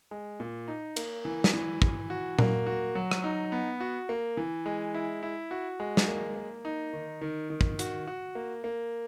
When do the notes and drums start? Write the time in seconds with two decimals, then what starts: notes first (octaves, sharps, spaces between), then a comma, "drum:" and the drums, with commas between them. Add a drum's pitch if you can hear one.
0.11 G#3
0.40 A#2
0.68 D#4
0.96 A#3, drum: cymbal
1.25 E3
1.44 drum: snare
1.54 E3
1.82 E3, drum: kick
2.10 F#4
2.39 A#3, drum: tom A#2
2.67 F#4
2.95 F#3
3.11 drum: rim click
3.24 D#4
3.52 B3
3.80 F#4
4.09 A#3
4.37 E3
4.66 G#3
4.94 E4
5.23 E4
5.51 F#4
5.80 G#3
5.97 drum: snare
6.08 A#3
6.36 A#3
6.65 D#4
6.93 D#3
7.21 D#3
7.50 D#3
7.61 drum: kick
7.79 F#4, drum: hi-hat
8.07 F#4
8.35 A#3
8.64 A#3